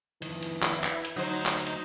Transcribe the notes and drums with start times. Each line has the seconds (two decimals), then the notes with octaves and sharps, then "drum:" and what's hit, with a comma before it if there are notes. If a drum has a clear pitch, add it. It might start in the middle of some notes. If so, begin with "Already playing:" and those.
0.22 F2 D#3 E3, drum: hi-hat
0.43 drum: hi-hat
0.63 E4, drum: clap
0.84 drum: clap
1.05 drum: hi-hat
1.16 D2 F#3 D#4 C5
1.46 drum: clap
1.67 drum: hi-hat